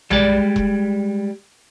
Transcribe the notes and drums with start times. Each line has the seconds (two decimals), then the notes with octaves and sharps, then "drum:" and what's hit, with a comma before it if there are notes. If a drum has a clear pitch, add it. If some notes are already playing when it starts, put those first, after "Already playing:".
0.10 G3 G#3 D5, drum: tom
0.56 drum: kick E1